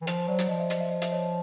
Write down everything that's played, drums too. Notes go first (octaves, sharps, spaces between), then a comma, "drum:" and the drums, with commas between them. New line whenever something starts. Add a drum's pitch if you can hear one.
E3
F3 C5, drum: hi-hat
F#3 C5 D5
drum: hi-hat
F3 D#5
E5
D#5, drum: hi-hat
E5
D#5
E5, drum: hi-hat
C#5 D#5